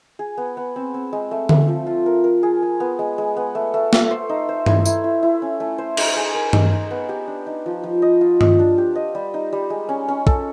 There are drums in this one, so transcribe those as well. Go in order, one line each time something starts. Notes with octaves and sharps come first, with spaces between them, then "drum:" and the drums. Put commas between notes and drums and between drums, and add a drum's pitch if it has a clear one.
G#4
B3
B3
C4
C4
G#3
A3
A3, drum: tom D3
F3
F4
A#4
A#4
G#4
G#4
B3
G#3
G#3
B3
A3
A3
A3, drum: snare A#3
C5
D#4
C5
E4, drum: tom G2
E4, drum: tambourine
E4
E4
C#4
A3
C5
D#4, drum: cymbal
G#4
A#4
D#4, drum: tom G2
D#4
B3
G4
D4
D#4
F3
F3
D#5
F4
D#5, drum: tom G2
D4
G4
D#5
G3
D#4
G3
G#3
C#4
C#4
A4, drum: kick